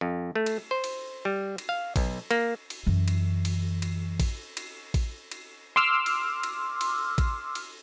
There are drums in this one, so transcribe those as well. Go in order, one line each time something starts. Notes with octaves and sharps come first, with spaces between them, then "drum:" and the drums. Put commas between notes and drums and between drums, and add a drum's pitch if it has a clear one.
F2
A3
drum: cymbal
C5
drum: cymbal
G3
drum: cymbal
F5
B1, drum: kick A1, cymbal
A#3, drum: cymbal
drum: cymbal
F#2 E3
drum: cymbal
drum: cymbal
drum: cymbal
drum: kick A1, cymbal
drum: cymbal
drum: kick A1, cymbal
drum: cymbal
C6 D6 E6 F6
drum: cymbal
drum: cymbal
drum: cymbal
drum: kick A1, cymbal
drum: cymbal